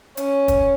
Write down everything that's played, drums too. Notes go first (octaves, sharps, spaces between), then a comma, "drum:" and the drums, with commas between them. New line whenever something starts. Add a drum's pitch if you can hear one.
C#4, drum: hi-hat
drum: kick, hi-hat